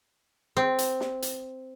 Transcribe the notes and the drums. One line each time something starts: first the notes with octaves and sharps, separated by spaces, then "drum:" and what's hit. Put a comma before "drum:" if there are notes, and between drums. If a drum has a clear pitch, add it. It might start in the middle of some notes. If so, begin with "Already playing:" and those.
C4
drum: hi-hat
drum: snare
drum: hi-hat